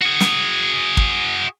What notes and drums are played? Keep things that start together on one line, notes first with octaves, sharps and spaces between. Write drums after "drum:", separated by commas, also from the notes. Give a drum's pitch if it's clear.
F#4 G#4
drum: snare
drum: kick